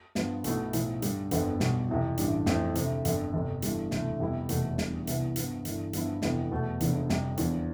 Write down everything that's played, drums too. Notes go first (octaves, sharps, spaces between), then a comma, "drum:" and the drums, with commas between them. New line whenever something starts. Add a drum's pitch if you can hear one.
G2 F3 B3 F4, drum: snare
B1 B2 A3 E4, drum: hi-hat
B1 A2 F3, drum: hi-hat
G2 D3 G3, drum: hi-hat
G1 F2 D3 F3 B3, drum: hi-hat
B1 B2 G3, drum: snare
F2 C3 E3
A1 G2 E3 G3 D4, drum: hi-hat
F2 E3 A3 C4, drum: snare
D2 C3 F3, drum: hi-hat
G1 F2 D3, drum: hi-hat
G1 F2 C3
G1 G2 E3 G3, drum: hi-hat
E1 D2 C3 E3 A3, drum: snare
F2 C3 G3 B3 E4
F1 E2 B2 A3, drum: hi-hat
E2 D3 G3, drum: snare
C2 C3 E3 B3, drum: hi-hat
G2 F3 B3, drum: hi-hat
G1 G2 E3, drum: hi-hat
G2 D3 F3 B3 E4, drum: hi-hat
G1 F2 C3 E3 B3, drum: snare
E2 B2 A3 E4
F1 E2 D3 F3, drum: hi-hat
F2 C3 G3, drum: snare
E2 D3 F3, drum: hi-hat